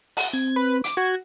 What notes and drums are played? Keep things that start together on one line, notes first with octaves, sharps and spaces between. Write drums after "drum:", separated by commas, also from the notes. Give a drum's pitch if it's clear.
F#5, drum: open hi-hat
C4 G#6
B4
D6, drum: hi-hat
F#4 G#6